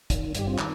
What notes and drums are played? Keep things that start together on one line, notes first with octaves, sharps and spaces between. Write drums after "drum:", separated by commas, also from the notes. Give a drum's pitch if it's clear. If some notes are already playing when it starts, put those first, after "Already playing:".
D#3, drum: kick, hi-hat
G2 G4, drum: hi-hat
C4 F4
D#3, drum: clap